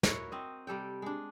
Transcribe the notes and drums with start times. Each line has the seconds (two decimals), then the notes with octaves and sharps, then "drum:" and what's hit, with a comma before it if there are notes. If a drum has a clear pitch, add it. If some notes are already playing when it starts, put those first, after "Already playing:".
0.03 E4 F#4 A#4 C#5, drum: snare
0.32 C4 D#5
0.67 C3 G3 A4 G5
1.02 G#3 D4